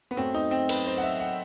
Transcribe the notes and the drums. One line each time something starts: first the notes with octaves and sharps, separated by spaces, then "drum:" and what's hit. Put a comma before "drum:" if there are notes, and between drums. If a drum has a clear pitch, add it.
B3
F#2 F#3 A3 C4
D#4
C4
B4, drum: cymbal
C5
F#5
E5
F#5